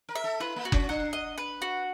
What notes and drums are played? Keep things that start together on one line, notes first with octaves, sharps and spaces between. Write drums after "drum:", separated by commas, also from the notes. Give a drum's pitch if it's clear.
A#4
E5
A4
E4 B4
A#3
F#4
C#4, drum: kick F#1
D4 F#5
D#5
B4
F#4